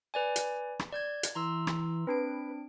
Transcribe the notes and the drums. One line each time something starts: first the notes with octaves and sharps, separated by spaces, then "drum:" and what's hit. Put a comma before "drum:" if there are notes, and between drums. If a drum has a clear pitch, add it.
B4 D5 G#5
drum: hi-hat
drum: rim click
D5 G6 G#6
drum: hi-hat
E3 A#5 C6 E6
drum: rim click
C4 D4 B4 D7